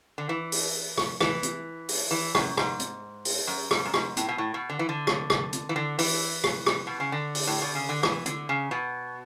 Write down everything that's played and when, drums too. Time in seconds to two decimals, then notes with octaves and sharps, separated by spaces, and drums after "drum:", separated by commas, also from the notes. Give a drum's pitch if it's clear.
0.18 D3
0.29 E3
0.52 drum: open hi-hat
0.98 drum: rim click
1.21 E3, drum: rim click
1.43 drum: hi-hat
1.89 drum: open hi-hat
2.11 E3
2.35 F#2, drum: rim click
2.57 G#2, drum: rim click
2.80 drum: hi-hat
3.25 drum: open hi-hat
3.47 F#2
3.71 G#2, drum: rim click
3.85 F#2
3.94 G#2, drum: rim click
4.17 A2, drum: hi-hat
4.29 B2
4.38 A2
4.54 B2
4.70 D3
4.79 E3
4.89 D3
5.07 drum: rim click
5.30 drum: rim click
5.53 drum: hi-hat
5.69 E3
5.76 D3
5.99 E3, drum: open hi-hat
6.44 drum: rim click
6.66 drum: rim click
6.87 B2
7.00 C#3
7.12 D3
7.35 drum: open hi-hat
7.47 A2
7.62 B2
7.75 C#3
7.89 D3
8.03 E3, drum: rim click
8.26 D3, drum: hi-hat
8.49 C#3
8.71 B2